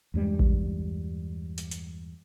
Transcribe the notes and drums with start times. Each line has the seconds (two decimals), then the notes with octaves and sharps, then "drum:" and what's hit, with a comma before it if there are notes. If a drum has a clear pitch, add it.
0.14 E2 G2 G3 G#3
0.39 drum: kick A1
1.58 drum: hi-hat
1.71 drum: hi-hat